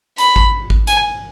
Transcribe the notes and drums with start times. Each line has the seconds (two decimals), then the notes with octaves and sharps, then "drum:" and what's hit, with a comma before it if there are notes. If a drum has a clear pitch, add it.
0.18 B5, drum: hi-hat
0.36 drum: kick G#1
0.70 drum: kick G#1
0.87 G#5, drum: hi-hat